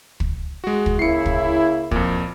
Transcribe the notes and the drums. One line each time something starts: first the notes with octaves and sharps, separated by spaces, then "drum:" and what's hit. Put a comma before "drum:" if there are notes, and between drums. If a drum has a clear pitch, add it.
drum: kick
G#3 F#4
drum: kick
C#3 A#3 E4 C7 C#7
drum: kick
F2 A#2, drum: kick